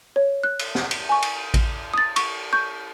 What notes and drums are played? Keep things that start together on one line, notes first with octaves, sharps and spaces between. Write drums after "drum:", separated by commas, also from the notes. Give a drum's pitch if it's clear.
C#5
F#6
drum: cymbal
drum: snare
drum: cymbal
G#5 C#6
drum: cymbal
drum: kick A1, cymbal
D#6 A6
C#6, drum: cymbal
C#6 G6